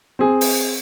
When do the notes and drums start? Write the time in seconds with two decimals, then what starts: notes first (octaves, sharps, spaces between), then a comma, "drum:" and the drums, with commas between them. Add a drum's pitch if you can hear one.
0.19 C4 G#4
0.41 drum: open hi-hat